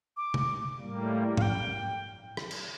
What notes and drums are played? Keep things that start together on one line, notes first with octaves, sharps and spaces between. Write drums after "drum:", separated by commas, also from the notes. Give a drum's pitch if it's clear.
D6
drum: tom
A2 G3 A#3
F5, drum: tom G#2
G5
drum: rim click
drum: cymbal